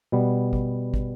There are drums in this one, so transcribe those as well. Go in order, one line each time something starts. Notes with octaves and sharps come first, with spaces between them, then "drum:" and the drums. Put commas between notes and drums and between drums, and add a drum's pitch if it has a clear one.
B2 G3 B3
drum: kick
drum: kick